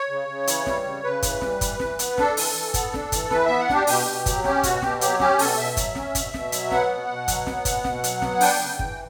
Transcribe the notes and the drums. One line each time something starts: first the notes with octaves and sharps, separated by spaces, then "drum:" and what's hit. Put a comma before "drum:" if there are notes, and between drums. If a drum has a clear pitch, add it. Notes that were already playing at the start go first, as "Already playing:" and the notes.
Already playing: C#5
C#3
C#3
E3, drum: hi-hat
G3, drum: snare
C#3
C#3 B4
E3, drum: kick F#1, hi-hat
G3, drum: snare
E3, drum: kick F#1, hi-hat
E3, drum: snare
B3, drum: hi-hat
D4 A4, drum: snare
E3, drum: open hi-hat
E3
B3, drum: kick F#1, hi-hat
D4, drum: snare
E3, drum: kick F#1, hi-hat
E3 B4, drum: snare
B3 E5
F#5
D4 G4, drum: snare
B2 G4, drum: open hi-hat
B2
F#3, drum: kick F#1, hi-hat
C#4 G4, drum: snare
B2 F#4, drum: kick F#1, hi-hat
B2 G4, drum: snare
F#3 G4, drum: hi-hat
C#4 G4, drum: snare
B2 A4, drum: open hi-hat
B2 E5
F#3, drum: kick F#1, hi-hat
C#4, drum: snare
B2, drum: kick F#1, hi-hat
B2, drum: snare
F#3, drum: hi-hat
B3 F#5, drum: snare
B2
B2
F#3, drum: kick F#1, hi-hat
B3, drum: snare
B2, drum: kick F#1, hi-hat
B2, drum: snare
F#3, drum: hi-hat
B3, drum: snare
D4 G5, drum: open hi-hat
C#3
E3, drum: kick F#1